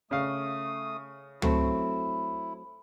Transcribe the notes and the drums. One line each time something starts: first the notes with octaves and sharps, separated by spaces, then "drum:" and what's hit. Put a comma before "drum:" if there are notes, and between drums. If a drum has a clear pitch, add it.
C#3 A3 F5 D#6
F#3 A3 C4 E4, drum: tom